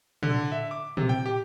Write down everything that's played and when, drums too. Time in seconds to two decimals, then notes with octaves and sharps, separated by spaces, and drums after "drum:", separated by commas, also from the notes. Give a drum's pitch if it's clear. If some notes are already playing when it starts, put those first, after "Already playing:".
0.23 D3, drum: tom
0.52 E5
0.71 D6
0.97 C3, drum: tom
1.09 G5
1.26 G4